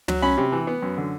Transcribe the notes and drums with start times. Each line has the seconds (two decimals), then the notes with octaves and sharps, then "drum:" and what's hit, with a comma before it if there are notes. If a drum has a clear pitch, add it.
0.08 F#3, drum: tom
0.22 C#4 B5
0.38 C3
0.52 E3
0.67 B3
0.82 F#2
0.98 D3